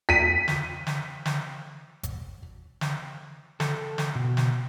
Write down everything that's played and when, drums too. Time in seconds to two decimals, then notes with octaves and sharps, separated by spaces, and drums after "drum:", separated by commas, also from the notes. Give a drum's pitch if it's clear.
0.09 B6 D#7
0.48 drum: snare
0.87 drum: snare
1.26 drum: snare
2.03 drum: kick G#1, hi-hat
2.81 drum: snare
3.60 A4, drum: snare
3.98 drum: snare
4.15 B2
4.37 drum: snare